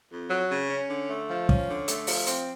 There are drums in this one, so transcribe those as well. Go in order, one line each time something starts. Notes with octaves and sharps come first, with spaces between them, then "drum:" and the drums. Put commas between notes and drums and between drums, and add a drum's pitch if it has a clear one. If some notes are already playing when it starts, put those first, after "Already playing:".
F2
F#3
C#3
C#4
D3
A3
F3
C#4, drum: kick
D3
A3, drum: hi-hat
F3, drum: open hi-hat
C4, drum: hi-hat